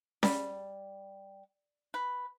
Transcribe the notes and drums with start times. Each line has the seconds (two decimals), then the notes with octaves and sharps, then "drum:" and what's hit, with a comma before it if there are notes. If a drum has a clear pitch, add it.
0.23 G3, drum: snare C#4
1.94 B4